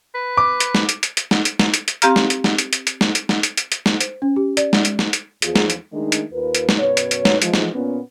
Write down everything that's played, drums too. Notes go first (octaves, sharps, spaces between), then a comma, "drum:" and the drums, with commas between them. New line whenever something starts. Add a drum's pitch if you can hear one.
B4
D6
drum: hi-hat
drum: snare
drum: hi-hat
drum: hi-hat
drum: hi-hat
drum: snare
drum: hi-hat
drum: snare
drum: hi-hat
drum: hi-hat
C4 G4 F5 A#5 F6, drum: hi-hat
drum: snare
drum: hi-hat
drum: snare
drum: hi-hat
drum: hi-hat
drum: hi-hat
drum: snare
drum: hi-hat
drum: snare
drum: hi-hat
drum: hi-hat
drum: hi-hat
drum: snare
C5, drum: hi-hat
C#4
G4
D5, drum: hi-hat
G#3, drum: snare
drum: hi-hat
drum: snare
drum: hi-hat
E2 F3 G#4, drum: hi-hat
drum: snare
drum: hi-hat
D#3 G#3 A3 D4 D#4
drum: hi-hat
D#2 F4 A#4 B4
drum: hi-hat
drum: snare
F#2 B2 B4 C#5
drum: hi-hat
drum: hi-hat
drum: snare
E3 F3 G#3, drum: hi-hat
drum: snare
A#2 B3 C#4